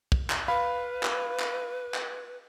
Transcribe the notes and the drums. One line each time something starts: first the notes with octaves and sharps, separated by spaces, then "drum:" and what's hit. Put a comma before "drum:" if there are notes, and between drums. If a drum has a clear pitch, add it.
drum: kick
drum: clap
B4 F5 B5
drum: clap
drum: clap
drum: clap